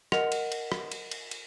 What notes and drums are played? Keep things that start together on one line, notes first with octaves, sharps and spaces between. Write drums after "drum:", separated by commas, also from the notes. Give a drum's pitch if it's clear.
A#4 D#5 F#5 F7, drum: rim click
drum: cymbal
drum: cymbal
drum: rim click
drum: cymbal
drum: cymbal
drum: cymbal